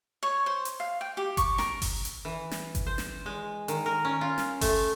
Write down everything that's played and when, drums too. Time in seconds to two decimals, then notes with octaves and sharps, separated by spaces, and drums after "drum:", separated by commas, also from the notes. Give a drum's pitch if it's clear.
0.23 C#5
0.46 C5
0.65 drum: hi-hat
0.80 F5
1.01 G5
1.17 G4
1.37 C#6, drum: kick G1, hi-hat
1.58 A#4, drum: snare
1.82 drum: kick G1, open hi-hat
2.05 drum: hi-hat
2.25 E3
2.51 drum: snare
2.75 drum: kick G1, hi-hat
2.86 C5
2.98 drum: snare
3.26 G#3
3.68 D#3, drum: hi-hat
3.86 A#4
4.05 C#4
4.21 F4
4.38 drum: snare
4.61 A3, drum: kick G1, open hi-hat